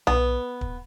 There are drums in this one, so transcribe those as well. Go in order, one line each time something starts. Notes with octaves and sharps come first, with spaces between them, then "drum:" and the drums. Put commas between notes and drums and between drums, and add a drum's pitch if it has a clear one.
B3, drum: tom B1
drum: kick